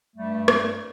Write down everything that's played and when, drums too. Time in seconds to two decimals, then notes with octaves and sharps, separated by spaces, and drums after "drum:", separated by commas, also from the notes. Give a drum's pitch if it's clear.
0.16 G2 G3 A3
0.48 drum: rim click